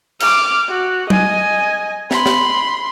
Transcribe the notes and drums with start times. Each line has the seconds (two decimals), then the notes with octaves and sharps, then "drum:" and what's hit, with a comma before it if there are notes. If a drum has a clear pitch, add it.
0.20 D6 F6, drum: cymbal
0.68 F#4
1.10 D#5 G#5, drum: tom
2.11 B5 C6, drum: snare
2.26 drum: snare